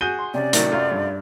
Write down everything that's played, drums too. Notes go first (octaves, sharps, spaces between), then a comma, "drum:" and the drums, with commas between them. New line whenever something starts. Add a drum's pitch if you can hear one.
F#4 G#4 G6 D#7 G7
C6
C3 C#4 D5
A2 D#3 F#3, drum: hi-hat
F#2 A3 F4
G2